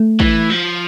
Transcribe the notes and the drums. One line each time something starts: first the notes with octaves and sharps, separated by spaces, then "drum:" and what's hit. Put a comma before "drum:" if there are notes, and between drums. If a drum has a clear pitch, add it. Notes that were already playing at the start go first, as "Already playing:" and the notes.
Already playing: A3
E3, drum: kick
F3